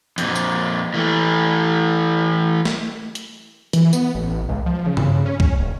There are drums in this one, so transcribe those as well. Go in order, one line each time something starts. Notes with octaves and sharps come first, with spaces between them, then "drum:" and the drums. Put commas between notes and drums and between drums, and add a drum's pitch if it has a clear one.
F2 A#2, drum: hi-hat
drum: tambourine
E3 A3
drum: snare
drum: hi-hat
E3, drum: hi-hat
B3, drum: tambourine
A1
C#2
F3
C#3
drum: tom G2
C#4
C#4, drum: kick
D1